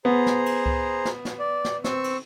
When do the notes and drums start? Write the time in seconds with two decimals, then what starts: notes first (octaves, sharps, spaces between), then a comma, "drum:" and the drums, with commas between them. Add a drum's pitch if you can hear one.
0.05 B3 G#4 C5 A#5
0.26 drum: snare
0.46 drum: cymbal
0.66 drum: kick C#2
1.05 drum: snare
1.25 drum: snare
1.39 D5
1.65 drum: snare
1.84 C4 C#6 E6, drum: snare
2.04 drum: cymbal